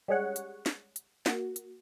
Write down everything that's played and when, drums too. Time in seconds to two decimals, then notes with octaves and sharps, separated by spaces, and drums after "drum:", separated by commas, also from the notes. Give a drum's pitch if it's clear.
0.08 G3 G#3 C#4 G#4 C#5 F#5
0.36 drum: hi-hat
0.66 drum: snare
0.96 drum: hi-hat
1.26 A#3 F#4, drum: snare
1.56 drum: hi-hat